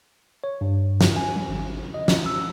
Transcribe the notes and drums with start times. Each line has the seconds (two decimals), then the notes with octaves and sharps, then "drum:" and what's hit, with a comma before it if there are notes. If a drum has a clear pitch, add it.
0.44 C#5
0.61 G2
1.01 drum: snare
1.16 G#5
1.36 G3
1.49 G#1
1.94 D#5
2.08 drum: snare
2.26 E6